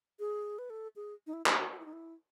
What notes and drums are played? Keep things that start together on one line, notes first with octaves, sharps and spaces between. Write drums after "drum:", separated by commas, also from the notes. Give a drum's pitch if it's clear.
G#4
B4
A4
G#4
D#4
E4
D#4, drum: clap
F#4
F#4
E4
D#4
E4